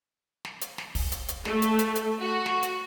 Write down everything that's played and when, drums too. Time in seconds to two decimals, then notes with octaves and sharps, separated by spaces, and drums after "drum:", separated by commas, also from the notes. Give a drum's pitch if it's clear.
0.45 drum: snare
0.61 drum: hi-hat
0.78 drum: snare
0.95 drum: kick, open hi-hat
1.12 drum: hi-hat
1.28 drum: hi-hat
1.45 A3, drum: snare
1.62 drum: hi-hat
1.79 drum: hi-hat
1.96 drum: hi-hat
2.21 F#4
2.46 drum: snare
2.63 drum: hi-hat